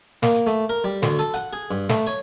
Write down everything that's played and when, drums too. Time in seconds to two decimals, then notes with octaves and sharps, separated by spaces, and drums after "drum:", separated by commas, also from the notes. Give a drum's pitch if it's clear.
0.23 A#3, drum: snare
0.34 drum: hi-hat
0.47 A3, drum: hi-hat
0.70 A#4
0.84 G3
1.03 D2, drum: snare
1.19 A4, drum: hi-hat
1.34 F#5, drum: hi-hat
1.53 G#4
1.71 G2
1.89 A3, drum: snare
2.07 C#5, drum: hi-hat